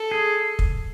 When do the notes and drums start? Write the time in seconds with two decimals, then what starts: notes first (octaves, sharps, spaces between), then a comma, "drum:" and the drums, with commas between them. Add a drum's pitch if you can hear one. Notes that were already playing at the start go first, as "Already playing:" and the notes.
Already playing: A4
0.11 G#4
0.59 drum: kick